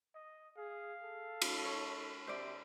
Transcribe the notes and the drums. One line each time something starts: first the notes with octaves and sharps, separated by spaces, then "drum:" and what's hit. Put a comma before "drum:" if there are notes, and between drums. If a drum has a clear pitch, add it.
D#5
G#4 F5
A4
drum: cymbal
C#5
C3 C5 D5 E5